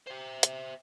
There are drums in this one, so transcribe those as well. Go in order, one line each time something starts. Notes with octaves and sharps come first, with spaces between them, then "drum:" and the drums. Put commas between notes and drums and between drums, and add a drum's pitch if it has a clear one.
C5 E5
drum: hi-hat